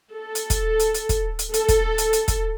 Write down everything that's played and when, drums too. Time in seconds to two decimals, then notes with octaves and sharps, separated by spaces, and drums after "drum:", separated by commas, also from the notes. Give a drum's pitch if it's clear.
0.13 A4
0.35 drum: hi-hat
0.50 drum: kick, hi-hat
0.80 drum: hi-hat
0.94 drum: hi-hat
1.09 drum: kick, hi-hat
1.39 drum: hi-hat
1.54 A4, drum: hi-hat
1.69 drum: kick, hi-hat
1.98 drum: hi-hat
2.13 drum: hi-hat
2.28 drum: kick, hi-hat